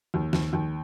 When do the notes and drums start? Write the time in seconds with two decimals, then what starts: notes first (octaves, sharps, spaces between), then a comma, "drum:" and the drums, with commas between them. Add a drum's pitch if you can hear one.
0.14 D#2
0.33 D#2, drum: snare
0.53 D#2